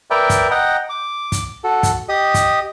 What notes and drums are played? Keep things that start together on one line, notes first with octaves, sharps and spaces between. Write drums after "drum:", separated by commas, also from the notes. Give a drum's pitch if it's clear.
A#4 B4 D5 E5 G5
drum: kick, hi-hat
D#5 F#5 G5 A#5
D6
drum: kick, hi-hat
F#4 A4
drum: kick, hi-hat
G4 D#5 D#6
drum: kick, hi-hat